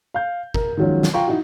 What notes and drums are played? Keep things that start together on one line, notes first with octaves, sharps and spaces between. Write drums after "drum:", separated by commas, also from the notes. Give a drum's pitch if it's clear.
F5 G6
A#4, drum: kick G1
D#3 F3 F#3 G#3 C#4
drum: snare
F4 F5 G5 A#5 C#6
D#4 E4 F#4